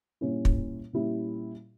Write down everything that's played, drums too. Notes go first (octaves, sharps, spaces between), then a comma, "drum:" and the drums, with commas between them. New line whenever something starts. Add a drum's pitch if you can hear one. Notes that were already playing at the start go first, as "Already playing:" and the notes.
A#2 G3 C#4 E4
drum: kick
A#2 G3 C#4 E4